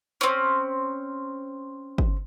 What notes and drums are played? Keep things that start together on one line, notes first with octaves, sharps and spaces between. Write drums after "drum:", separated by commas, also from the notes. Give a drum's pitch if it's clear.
C4 C#4
drum: kick